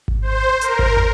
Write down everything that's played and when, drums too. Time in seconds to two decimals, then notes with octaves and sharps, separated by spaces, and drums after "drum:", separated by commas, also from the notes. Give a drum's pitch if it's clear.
0.08 drum: kick G#1
0.22 C5
0.61 A#4, drum: hi-hat
0.79 drum: kick G#1
0.97 drum: tom